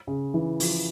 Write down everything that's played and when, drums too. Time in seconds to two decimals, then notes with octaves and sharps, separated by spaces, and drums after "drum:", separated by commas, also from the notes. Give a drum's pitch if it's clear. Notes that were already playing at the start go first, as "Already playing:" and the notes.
0.07 C#3
0.34 E3
0.60 F3, drum: open hi-hat